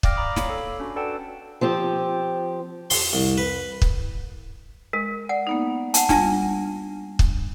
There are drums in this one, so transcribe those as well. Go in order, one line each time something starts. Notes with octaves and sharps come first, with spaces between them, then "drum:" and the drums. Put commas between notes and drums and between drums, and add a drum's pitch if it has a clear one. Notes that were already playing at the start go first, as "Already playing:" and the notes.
D5 F5 G5 D6 F6 A#6, drum: kick
D5 F5 A#5 B5 D6 D#6
C#5 F5 B5, drum: snare
A4
C#4 D4 F#4
A4 B4 D5 F#5 G5 A5
F3 C4 G4
C6, drum: open hi-hat
C2
B4
drum: kick
G#3 A#4
D5 F#5
A#3 B3 D#4
F#5 G#5 A5, drum: hi-hat
G3 D4 F4 A5, drum: snare
drum: kick